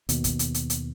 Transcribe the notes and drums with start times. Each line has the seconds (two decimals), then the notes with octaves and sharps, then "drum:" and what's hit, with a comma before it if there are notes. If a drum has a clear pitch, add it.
0.09 D#2 B2, drum: hi-hat
0.24 drum: kick, hi-hat
0.39 drum: hi-hat
0.54 drum: hi-hat
0.70 drum: hi-hat